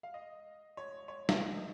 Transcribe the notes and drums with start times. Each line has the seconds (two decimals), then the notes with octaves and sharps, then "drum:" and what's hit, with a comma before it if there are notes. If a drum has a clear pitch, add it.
0.03 F5
0.14 D#5
0.77 C#5
1.08 C#5
1.29 F5, drum: snare
1.40 D#5